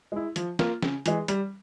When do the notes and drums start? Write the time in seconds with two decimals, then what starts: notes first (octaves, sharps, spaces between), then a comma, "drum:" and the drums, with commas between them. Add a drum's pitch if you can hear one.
0.12 G#3 E4
0.36 F3, drum: hi-hat
0.59 A#3 F4, drum: snare
0.83 C#3, drum: snare
1.06 E3 G#3, drum: hi-hat
1.28 G3, drum: hi-hat